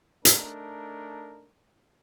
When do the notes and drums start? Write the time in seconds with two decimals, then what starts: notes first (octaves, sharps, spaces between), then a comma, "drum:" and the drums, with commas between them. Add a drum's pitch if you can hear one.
0.25 A3 D4 D#4 A#4, drum: hi-hat